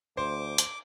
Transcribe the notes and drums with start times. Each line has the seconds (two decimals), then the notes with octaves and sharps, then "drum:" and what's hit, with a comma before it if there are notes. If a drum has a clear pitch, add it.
0.17 D2 C5 D6
0.58 drum: hi-hat